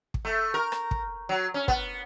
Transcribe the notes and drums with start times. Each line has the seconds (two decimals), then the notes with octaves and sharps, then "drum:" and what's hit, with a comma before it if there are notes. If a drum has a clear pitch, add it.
0.14 drum: kick
0.25 A3
0.54 A#4
0.72 drum: rim click
0.91 drum: kick
1.29 F#3
1.54 C#4
1.68 B3, drum: kick